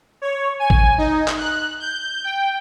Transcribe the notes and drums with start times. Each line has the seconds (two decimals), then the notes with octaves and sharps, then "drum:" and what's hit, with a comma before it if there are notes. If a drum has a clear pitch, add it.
0.22 C#5
0.59 G#5
0.70 drum: kick
0.98 D#4
1.28 drum: clap
1.38 F#6
1.80 G6
2.24 G5